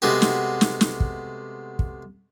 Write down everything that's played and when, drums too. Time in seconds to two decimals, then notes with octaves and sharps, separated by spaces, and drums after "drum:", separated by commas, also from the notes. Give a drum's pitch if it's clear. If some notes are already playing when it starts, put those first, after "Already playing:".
0.02 C3 G#3 A3 B3 F#4 G4
0.22 drum: snare
0.61 drum: snare
0.81 drum: snare
1.00 drum: kick
1.79 drum: kick